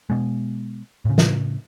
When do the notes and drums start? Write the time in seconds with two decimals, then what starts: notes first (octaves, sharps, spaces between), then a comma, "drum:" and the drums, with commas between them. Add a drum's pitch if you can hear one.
0.10 B2 G#3
1.05 A2 C#3
1.18 drum: snare